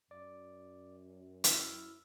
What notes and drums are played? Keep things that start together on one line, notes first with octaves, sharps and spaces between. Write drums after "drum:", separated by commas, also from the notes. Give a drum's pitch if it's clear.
F#2 D5
E4 E6 F6, drum: hi-hat